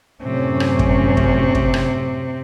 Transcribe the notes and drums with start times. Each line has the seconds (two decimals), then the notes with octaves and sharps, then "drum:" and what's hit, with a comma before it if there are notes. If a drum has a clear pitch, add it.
0.22 F#2 A2 C3 C#4
0.60 drum: rim click
0.79 drum: kick
1.17 drum: kick
1.55 drum: kick
1.74 drum: rim click